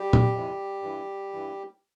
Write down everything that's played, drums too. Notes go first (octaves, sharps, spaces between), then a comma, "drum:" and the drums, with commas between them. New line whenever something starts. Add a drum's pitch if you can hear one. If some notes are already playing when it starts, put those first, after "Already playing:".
Already playing: G3 G4
drum: tom
F2 C3 E3
G2 E3
G2 E3